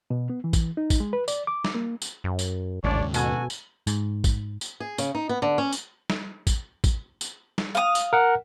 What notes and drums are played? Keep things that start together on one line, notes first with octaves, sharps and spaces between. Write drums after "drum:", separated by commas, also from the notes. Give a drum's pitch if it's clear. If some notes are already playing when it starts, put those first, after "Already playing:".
B2
B3
E3
drum: kick, tambourine
D#4
drum: kick, tambourine
G#3
B4
D5, drum: tambourine
D6
drum: snare
A#3
drum: tambourine
F#2
drum: tambourine
A1 D#2 G#2 C#3 D4 C#5 D5
B2 F#4 A4 G#5, drum: tambourine
drum: tambourine
G#2, drum: tambourine
drum: kick, tambourine
drum: tambourine
G#4
C#3, drum: tambourine
D#4
B3
D3
C#4
drum: tambourine
drum: snare
drum: kick, tambourine
drum: kick, tambourine
drum: tambourine
drum: snare
F5 D#6
drum: tambourine
A#4 F#5